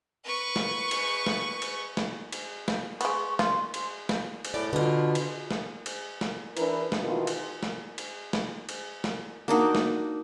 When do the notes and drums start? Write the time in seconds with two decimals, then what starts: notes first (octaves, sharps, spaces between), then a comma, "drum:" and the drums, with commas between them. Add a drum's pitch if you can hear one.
0.24 B4 C#6
0.56 drum: snare
0.91 drum: cymbal
1.26 drum: snare
1.62 drum: cymbal
1.97 drum: snare
2.32 drum: cymbal
2.68 drum: snare
3.01 G#3 B3 C#6, drum: cymbal
3.39 F4 C6, drum: snare
3.74 drum: cymbal
4.09 drum: snare
4.45 drum: cymbal
4.54 A2 D5
4.73 B2 D3 F4
5.15 drum: cymbal
5.51 drum: snare
5.86 drum: cymbal
6.21 drum: snare
6.57 E3 D4 E4 A#4 B4, drum: cymbal
6.92 drum: snare
7.04 B2 D#3 E3 F4
7.27 drum: cymbal
7.63 drum: snare
7.98 drum: cymbal
8.33 drum: snare
8.69 drum: cymbal
9.04 drum: snare
9.48 A#3 D4 D#4 F#4
9.75 drum: snare